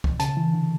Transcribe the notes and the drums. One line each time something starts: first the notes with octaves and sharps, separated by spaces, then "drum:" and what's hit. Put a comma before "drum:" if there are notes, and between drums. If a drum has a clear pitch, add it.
drum: kick
C#3 A5, drum: hi-hat
E3
D3